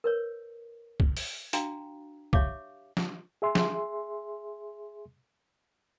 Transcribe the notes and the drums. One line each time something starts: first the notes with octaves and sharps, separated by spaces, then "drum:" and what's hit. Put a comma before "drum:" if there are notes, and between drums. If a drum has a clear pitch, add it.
A#4 B4 C#5
drum: kick
drum: open hi-hat
D4 F#4 F5 G5 A#5, drum: hi-hat
G4 C#5 E5 F5 D6, drum: kick
drum: snare
G#4 E5 C6
drum: snare